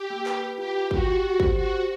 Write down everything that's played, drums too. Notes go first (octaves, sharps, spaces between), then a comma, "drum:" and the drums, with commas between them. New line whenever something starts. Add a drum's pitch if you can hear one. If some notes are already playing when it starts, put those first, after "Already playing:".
Already playing: G4
A#3
B4, drum: clap
B4
F4 G4
F4
F#4 G5, drum: kick
G4
G4
C5, drum: kick
F#4 G4
C5